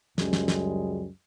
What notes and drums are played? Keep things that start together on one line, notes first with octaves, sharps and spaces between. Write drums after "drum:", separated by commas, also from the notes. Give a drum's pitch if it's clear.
C#2 F#2 G3 G#3, drum: snare
drum: snare
drum: snare